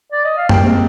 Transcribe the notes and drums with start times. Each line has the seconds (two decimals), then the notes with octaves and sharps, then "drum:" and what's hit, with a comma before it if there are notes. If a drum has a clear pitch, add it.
0.12 D5
0.25 D#5
0.37 F5
0.49 G3 A#3 G5, drum: tom F#2
0.66 G#3 C4